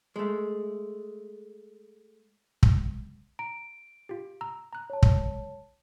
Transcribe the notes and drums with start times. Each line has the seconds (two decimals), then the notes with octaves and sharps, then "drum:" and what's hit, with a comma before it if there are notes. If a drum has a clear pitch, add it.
0.16 G#3 A3
2.63 drum: kick
3.39 A#5 D7
4.09 F4 G4
4.41 A#5 E6
4.73 A#5 F#6
4.90 C#5 A5
5.03 drum: kick